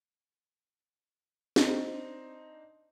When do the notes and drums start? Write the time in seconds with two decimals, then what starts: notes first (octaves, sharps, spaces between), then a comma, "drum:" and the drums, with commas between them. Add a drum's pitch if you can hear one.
1.56 C4 D4 D#4, drum: snare